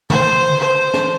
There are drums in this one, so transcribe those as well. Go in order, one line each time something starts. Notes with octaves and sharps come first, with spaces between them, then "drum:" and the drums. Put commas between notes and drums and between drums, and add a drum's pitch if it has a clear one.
C5, drum: tom
C5
drum: snare